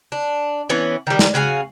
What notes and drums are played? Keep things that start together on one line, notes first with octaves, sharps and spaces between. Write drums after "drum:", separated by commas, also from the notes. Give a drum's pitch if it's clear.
D4
E3 B3 C#4
D#3 G3
drum: snare
C#3 F#4 F5 G#5